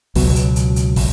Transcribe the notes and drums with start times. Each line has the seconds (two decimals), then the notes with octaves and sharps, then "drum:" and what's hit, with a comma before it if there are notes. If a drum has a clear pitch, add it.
0.15 C#2 B2 F#3, drum: kick, open hi-hat
0.36 drum: hi-hat
0.56 drum: hi-hat
0.76 drum: hi-hat
0.96 drum: kick, open hi-hat